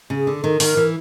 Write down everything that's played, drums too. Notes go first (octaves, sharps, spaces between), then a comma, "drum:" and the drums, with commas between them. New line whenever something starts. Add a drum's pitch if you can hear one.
C#3
G#4
D3
A4
D#3
D#3 A#4, drum: open hi-hat
E3